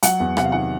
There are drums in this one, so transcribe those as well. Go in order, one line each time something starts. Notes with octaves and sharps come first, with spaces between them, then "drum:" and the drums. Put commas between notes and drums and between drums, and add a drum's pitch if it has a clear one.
F#3 F#5, drum: hi-hat
E2
C3 F#5, drum: rim click
F5
D#3 F#5